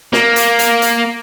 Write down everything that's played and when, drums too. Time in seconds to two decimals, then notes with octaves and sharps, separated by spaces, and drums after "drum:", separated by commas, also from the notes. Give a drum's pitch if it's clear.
0.13 A#3, drum: snare
0.36 drum: hi-hat
0.59 drum: hi-hat
0.82 drum: hi-hat